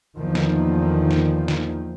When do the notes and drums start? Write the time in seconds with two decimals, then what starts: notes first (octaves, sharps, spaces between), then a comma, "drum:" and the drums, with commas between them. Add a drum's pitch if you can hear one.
0.16 E2 D3 D#3 F3 A#3
0.35 drum: snare
1.11 drum: snare
1.48 drum: snare